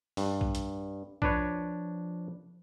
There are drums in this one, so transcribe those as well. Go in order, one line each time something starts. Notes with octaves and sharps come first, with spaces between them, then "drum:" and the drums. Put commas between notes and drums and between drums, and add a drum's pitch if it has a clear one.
G2, drum: open hi-hat
drum: kick B1
drum: hi-hat
F3 D4 B4 C#5, drum: kick B1